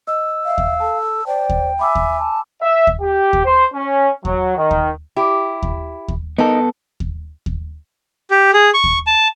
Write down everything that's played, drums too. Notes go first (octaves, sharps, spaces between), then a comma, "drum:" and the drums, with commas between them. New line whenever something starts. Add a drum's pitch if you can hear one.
D#5 E6
E5 F5
drum: kick D#2
A4 A5
C5 D5 G5
drum: kick D#2
E5 G#5 B5 D6 E6
drum: kick D#2
A5
E5
drum: kick D#2
G4
drum: kick D#2
C5
C#4
F#3, drum: kick D#2
D#3
drum: kick D#2
E4 G4
drum: kick D#2
drum: kick D#2
B3 D#4 A4 A#4
drum: kick D#2
drum: kick D#2
G4
G#4
C#6
drum: kick D#2
A5